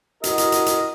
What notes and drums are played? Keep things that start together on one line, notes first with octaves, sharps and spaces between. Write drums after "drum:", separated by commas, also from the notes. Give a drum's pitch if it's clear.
E4 F#4 A#4 D#5, drum: hi-hat
drum: hi-hat
drum: hi-hat
drum: hi-hat